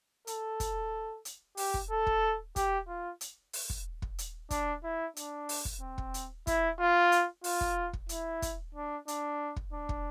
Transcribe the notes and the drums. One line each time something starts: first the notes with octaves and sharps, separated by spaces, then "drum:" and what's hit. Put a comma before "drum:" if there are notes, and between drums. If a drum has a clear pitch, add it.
A4, drum: hi-hat
drum: kick, hi-hat
drum: hi-hat
G4, drum: open hi-hat
drum: kick
A4
drum: kick
G4, drum: kick, hi-hat
F4
drum: hi-hat
drum: open hi-hat
drum: kick
drum: kick
drum: hi-hat
D4, drum: kick, hi-hat
E4
D4, drum: hi-hat
drum: open hi-hat
drum: kick
C4
drum: kick
drum: hi-hat
E4, drum: kick, hi-hat
F4
drum: hi-hat
F4, drum: open hi-hat
drum: kick
drum: kick
E4, drum: hi-hat
drum: kick, hi-hat
D4
D4, drum: hi-hat
drum: kick
D4
drum: kick